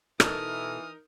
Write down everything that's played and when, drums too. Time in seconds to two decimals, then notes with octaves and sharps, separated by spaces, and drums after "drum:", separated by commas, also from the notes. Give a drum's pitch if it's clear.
0.20 B2 E3 D#4 A4 A#4 D#6 F6, drum: rim click